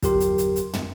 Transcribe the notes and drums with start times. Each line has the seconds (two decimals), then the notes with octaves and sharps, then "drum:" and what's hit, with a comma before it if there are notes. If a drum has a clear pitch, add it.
0.03 G1 E2 F#3 G4 A#4 C6, drum: kick, hi-hat
0.20 drum: hi-hat
0.38 drum: hi-hat
0.56 drum: hi-hat
0.73 drum: tom